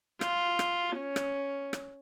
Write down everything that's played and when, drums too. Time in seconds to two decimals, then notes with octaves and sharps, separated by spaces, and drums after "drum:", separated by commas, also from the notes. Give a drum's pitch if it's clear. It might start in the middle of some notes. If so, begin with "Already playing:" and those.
0.21 F4, drum: rim click
0.59 drum: rim click
0.97 C#4
1.16 drum: rim click
1.73 drum: rim click